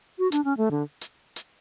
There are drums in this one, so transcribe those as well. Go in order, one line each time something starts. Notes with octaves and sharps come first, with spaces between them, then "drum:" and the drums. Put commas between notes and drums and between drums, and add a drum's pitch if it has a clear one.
F#4
D4, drum: hi-hat
C#4
A3
D3
drum: hi-hat
drum: hi-hat